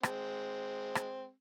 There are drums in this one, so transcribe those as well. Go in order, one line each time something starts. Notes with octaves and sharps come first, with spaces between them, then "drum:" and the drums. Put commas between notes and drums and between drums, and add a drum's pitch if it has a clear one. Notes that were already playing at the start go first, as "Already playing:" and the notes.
G#3 C4, drum: rim click
drum: rim click